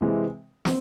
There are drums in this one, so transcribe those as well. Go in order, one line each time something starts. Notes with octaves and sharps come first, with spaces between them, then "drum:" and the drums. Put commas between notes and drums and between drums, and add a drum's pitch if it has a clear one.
C3 E3 G#3 C4
C4, drum: snare